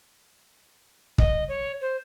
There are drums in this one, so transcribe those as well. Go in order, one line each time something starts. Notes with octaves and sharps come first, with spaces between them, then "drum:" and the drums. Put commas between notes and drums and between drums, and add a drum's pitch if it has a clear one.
D#5, drum: kick
C#5
C5